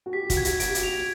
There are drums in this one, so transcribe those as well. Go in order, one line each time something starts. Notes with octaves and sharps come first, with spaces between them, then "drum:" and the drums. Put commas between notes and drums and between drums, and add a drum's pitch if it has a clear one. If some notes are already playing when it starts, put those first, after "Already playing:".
F#4
G4 B6
F4
F#4, drum: kick, hi-hat
G#6
G4, drum: hi-hat
F#4 D7, drum: hi-hat
G4
F#4, drum: hi-hat
F7